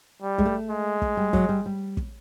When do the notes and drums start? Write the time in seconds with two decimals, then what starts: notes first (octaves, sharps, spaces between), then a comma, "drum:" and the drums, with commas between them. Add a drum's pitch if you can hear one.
0.22 G3
0.38 G#3, drum: kick
0.45 A3
0.71 G#3
1.02 drum: kick
1.17 G3
1.33 F#3, drum: kick
1.49 G3
1.66 G3
1.97 drum: kick